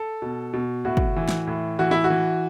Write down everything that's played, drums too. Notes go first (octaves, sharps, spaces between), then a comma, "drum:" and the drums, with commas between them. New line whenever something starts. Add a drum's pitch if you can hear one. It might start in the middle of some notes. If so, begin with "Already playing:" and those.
Already playing: A4
B2
B2
A2 F#4
drum: kick
E3
drum: snare
A2
E3 F#4
E4
F#4
E3